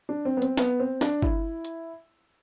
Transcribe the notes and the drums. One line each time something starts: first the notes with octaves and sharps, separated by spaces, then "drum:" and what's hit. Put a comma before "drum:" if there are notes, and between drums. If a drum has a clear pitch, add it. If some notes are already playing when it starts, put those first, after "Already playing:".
D4
C4
B3
C4, drum: hi-hat
B3, drum: snare
C4
D4, drum: snare
E4, drum: kick
drum: hi-hat